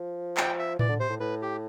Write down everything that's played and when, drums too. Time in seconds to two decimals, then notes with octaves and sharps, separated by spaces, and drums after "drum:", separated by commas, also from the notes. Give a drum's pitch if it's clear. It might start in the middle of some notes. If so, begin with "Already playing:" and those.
Already playing: F3
0.37 G5, drum: clap
0.59 E5
0.79 E3 D5, drum: tom A2
0.89 D3
1.00 C3 C5
1.10 A2
1.20 A2 B4
1.42 G4